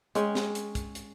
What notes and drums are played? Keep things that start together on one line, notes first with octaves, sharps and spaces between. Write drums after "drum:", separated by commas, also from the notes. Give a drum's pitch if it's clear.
G#3 C#4 C#5 G5, drum: hi-hat
drum: snare
drum: hi-hat
drum: kick, hi-hat
drum: hi-hat